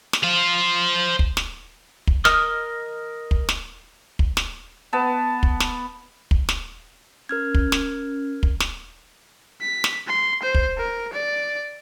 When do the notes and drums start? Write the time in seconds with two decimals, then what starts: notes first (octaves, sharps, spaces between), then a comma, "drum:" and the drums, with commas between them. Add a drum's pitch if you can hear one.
0.13 drum: snare
0.24 C5 F5
1.19 drum: kick
1.37 drum: snare
2.07 drum: kick
2.25 A#4 D#5 D#6 F6, drum: snare
3.31 drum: kick
3.49 drum: snare
4.19 drum: kick
4.37 drum: snare
4.93 B3 A5
5.43 drum: kick
5.60 drum: snare
6.31 drum: kick
6.49 drum: snare
7.29 C#4 A#4 F6 G#6
7.54 drum: kick
7.72 drum: snare
8.43 drum: kick
8.60 drum: snare
9.61 B6
9.84 drum: snare
10.07 C6
10.43 C5
10.55 drum: kick
10.78 A#4
11.13 D5